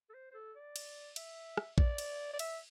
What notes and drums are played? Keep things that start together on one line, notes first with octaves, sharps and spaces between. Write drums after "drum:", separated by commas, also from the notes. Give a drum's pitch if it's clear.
A4
C5
C5
A4
D5
drum: cymbal
E5, drum: cymbal
drum: rim click
D5, drum: kick A#1
drum: cymbal
D5
E5, drum: cymbal